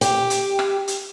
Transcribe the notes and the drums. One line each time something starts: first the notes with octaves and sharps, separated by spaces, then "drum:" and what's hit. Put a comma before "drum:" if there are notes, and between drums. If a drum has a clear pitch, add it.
G4, drum: hi-hat
drum: hi-hat
drum: rim click
drum: hi-hat